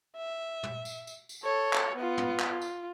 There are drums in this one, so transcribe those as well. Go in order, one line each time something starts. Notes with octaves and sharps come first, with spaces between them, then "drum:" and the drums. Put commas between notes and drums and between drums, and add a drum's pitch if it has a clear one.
E5
drum: tom
drum: tambourine
drum: tambourine
drum: tambourine
A4 C#5
drum: clap
B3 F4
drum: tom
drum: clap
F4
drum: tambourine